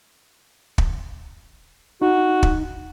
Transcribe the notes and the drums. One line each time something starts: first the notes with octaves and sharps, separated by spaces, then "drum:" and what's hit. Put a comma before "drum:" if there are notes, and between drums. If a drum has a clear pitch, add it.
drum: kick
D#4 F#4
drum: kick